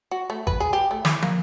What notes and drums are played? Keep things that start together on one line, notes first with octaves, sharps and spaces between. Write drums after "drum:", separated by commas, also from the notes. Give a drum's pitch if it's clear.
F#4
A3
B4, drum: kick G#1
G#4
G4
A3
E3, drum: snare
A#3, drum: tom